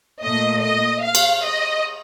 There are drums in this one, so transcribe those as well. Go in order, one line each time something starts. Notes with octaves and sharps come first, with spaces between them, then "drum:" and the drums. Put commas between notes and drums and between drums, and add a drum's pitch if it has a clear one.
A#2 A3 D#5
D#5
F5
drum: cymbal
D#5